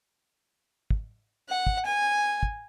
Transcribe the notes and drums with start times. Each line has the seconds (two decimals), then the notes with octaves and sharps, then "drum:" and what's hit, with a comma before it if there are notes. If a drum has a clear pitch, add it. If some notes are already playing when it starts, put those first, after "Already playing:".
0.90 drum: kick
1.49 F#5
1.67 drum: kick
1.86 G#5
2.43 drum: kick